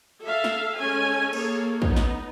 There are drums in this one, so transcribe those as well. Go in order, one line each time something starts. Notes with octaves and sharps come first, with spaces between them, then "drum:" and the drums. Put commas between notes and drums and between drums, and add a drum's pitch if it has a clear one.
A4 E5 F5
drum: snare
G#3 C#4 A4 G#5
A#3 G#4 A4 C#5, drum: cymbal
B3 D#4, drum: kick
drum: snare